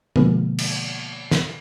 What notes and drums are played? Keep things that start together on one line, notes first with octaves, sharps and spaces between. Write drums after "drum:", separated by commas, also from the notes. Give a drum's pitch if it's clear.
B2 D3 F3 G#3 A#3 B3, drum: tom
drum: cymbal
drum: snare